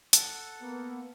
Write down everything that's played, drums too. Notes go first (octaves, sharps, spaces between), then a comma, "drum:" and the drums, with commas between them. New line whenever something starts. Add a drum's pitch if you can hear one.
A4 F#5, drum: hi-hat
A#3 B3